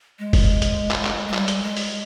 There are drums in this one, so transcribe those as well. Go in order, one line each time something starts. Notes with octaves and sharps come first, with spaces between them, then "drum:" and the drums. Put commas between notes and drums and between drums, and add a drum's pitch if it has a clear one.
G#3
drum: kick, open hi-hat
drum: hi-hat
drum: clap
drum: clap
G#3
G3, drum: clap
drum: hi-hat
G#3
drum: open hi-hat